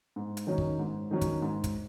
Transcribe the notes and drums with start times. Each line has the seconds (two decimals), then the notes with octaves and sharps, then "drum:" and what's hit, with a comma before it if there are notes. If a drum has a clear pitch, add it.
0.16 G#2
0.37 drum: hi-hat
0.47 D#3 F#3 C#4
0.58 drum: kick
0.79 G#2
1.11 D#3 F#3 C#4
1.21 drum: kick, hi-hat
1.42 G#2
1.64 drum: kick, hi-hat